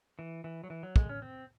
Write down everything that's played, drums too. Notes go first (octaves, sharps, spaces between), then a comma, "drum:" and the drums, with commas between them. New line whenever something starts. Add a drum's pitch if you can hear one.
E3
E3
F#3
E3
F#3
G#3, drum: kick
C#4
C4